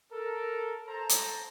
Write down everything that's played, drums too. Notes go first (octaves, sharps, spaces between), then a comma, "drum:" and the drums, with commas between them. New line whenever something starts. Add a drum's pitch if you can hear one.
A4 A#4
A4 C5 A5 A#5
drum: hi-hat